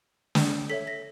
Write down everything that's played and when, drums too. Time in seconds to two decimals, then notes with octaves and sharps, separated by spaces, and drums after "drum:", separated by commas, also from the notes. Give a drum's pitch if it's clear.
0.35 drum: snare
0.69 A4 C#5 E5 B6
0.87 A#6